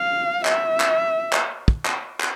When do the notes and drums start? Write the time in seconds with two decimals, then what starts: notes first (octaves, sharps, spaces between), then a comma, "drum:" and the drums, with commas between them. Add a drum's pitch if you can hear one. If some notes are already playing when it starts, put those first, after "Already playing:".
Already playing: F5
0.45 E5, drum: clap
0.80 drum: clap
1.33 drum: clap
1.68 drum: kick
1.85 drum: clap
2.20 drum: clap